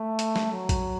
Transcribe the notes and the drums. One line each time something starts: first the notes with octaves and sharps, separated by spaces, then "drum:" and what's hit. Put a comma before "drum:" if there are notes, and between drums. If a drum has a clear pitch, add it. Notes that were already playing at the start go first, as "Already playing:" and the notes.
Already playing: A3
drum: hi-hat
drum: snare
F#3
drum: kick A#1, hi-hat